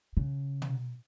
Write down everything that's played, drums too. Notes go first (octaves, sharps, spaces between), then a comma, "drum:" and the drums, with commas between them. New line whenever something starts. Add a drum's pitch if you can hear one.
C#3
drum: tom